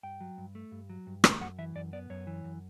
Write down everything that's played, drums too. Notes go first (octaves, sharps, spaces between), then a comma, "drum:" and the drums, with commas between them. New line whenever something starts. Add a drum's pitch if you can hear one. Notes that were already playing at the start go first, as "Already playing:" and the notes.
G2 G5
F#3
G2
A3
G2
F#3
G2
A3, drum: rim click
F#2 F#5
E3 E5
F#2 D5
B3 D5
F#2 C#5
E3
F#2